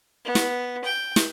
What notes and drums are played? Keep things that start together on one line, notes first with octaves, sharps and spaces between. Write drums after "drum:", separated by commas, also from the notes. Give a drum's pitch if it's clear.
B3
drum: snare
G5
drum: snare